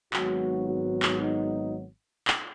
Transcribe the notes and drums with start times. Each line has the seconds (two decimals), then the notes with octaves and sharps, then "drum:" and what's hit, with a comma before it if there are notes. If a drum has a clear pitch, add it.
0.13 G#1 G#2 F#3 B3 F#4, drum: clap
0.67 F#4
1.02 drum: clap
1.21 D#4
2.28 drum: clap